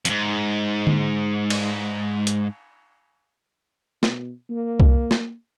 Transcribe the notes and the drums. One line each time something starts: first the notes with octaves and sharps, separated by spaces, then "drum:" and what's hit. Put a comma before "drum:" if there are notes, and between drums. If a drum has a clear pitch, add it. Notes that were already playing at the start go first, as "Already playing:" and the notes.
F2 G#2, drum: hi-hat
drum: tom D3
drum: cymbal
drum: hi-hat
B2, drum: snare
A#3
drum: kick C2
drum: snare